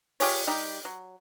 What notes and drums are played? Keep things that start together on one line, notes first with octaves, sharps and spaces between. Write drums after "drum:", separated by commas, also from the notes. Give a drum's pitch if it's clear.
F4 G4 G#4 C#5, drum: open hi-hat
G3 D#4 G4
F#3